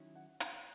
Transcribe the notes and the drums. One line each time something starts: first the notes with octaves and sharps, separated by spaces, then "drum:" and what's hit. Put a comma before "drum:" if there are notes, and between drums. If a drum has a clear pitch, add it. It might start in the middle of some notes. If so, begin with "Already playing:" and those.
Already playing: D#3 F#3 C#4 E4
F#5
F#5, drum: hi-hat